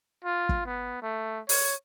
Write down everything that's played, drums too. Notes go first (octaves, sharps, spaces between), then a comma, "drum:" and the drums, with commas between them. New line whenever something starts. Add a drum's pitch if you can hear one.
F4
drum: kick
B3
A3
C#5, drum: open hi-hat